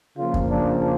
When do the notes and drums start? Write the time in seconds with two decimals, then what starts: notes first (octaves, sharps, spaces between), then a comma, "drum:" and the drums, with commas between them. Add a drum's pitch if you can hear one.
0.18 C#3 F3 A#3 F4
0.34 drum: kick F2
0.50 D4